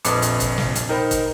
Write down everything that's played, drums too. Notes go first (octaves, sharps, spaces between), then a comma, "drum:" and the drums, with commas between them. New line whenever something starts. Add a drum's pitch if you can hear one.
A#1 F2 A#2 B4 D#6, drum: hi-hat
drum: hi-hat
drum: kick, hi-hat
drum: snare
drum: hi-hat
D#4 A#4 C5 G5 B5
drum: kick, hi-hat